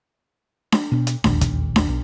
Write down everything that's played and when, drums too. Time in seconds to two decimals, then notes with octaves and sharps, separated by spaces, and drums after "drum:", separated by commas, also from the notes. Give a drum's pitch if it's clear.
0.72 drum: snare D4
0.92 B2 D4
1.07 drum: hi-hat
1.24 E1 A#1 D#2, drum: snare D4
1.41 drum: kick, hi-hat
1.76 drum: snare D4
1.88 B1 B2